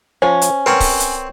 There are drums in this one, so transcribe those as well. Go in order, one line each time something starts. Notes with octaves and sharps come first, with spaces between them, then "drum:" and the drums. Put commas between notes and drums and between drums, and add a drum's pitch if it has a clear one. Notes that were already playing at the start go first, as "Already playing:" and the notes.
F3 C#4 C5 C#5
drum: hi-hat
C4 A#4 B4 C#5 F#5
drum: kick C#1, open hi-hat
drum: hi-hat